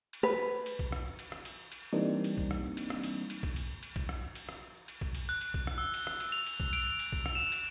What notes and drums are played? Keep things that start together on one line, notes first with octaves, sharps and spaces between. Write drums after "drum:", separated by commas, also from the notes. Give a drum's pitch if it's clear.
drum: cymbal
B4
drum: cymbal
drum: kick B1
drum: rim click
drum: cymbal
drum: rim click
drum: cymbal
drum: cymbal
E3 G3 A#3 C4 D4 D#4
drum: cymbal
drum: kick B1
drum: rim click
drum: cymbal
drum: rim click
drum: cymbal
drum: cymbal
drum: kick B1
drum: cymbal
drum: cymbal
drum: kick B1
drum: rim click
drum: cymbal
drum: rim click
drum: cymbal
drum: kick B1
drum: cymbal
F#6
drum: cymbal
drum: kick B1
drum: rim click
E6
drum: cymbal
drum: rim click
drum: cymbal
F7
drum: cymbal
drum: kick B1
D7, drum: cymbal
drum: cymbal
drum: kick B1
drum: rim click
E7
drum: cymbal